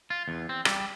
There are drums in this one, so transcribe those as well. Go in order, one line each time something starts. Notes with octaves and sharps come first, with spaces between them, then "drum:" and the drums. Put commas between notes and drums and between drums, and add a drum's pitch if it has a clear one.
F4
E2
C4
G3, drum: rim click